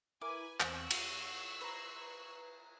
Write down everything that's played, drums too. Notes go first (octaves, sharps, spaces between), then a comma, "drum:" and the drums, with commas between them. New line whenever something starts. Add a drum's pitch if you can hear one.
E4 A#4 B4 G#5 D6
E2 C4 G#5 C#6 E6 F#6, drum: clap
F4 F#5, drum: cymbal
B4 C5 A#5